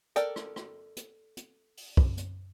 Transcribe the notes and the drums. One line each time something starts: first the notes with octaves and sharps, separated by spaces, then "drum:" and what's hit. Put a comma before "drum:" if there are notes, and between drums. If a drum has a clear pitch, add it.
A4 A#4 D5 G5, drum: hi-hat
drum: rim click
drum: rim click
drum: hi-hat
drum: hi-hat
drum: open hi-hat
drum: kick
drum: hi-hat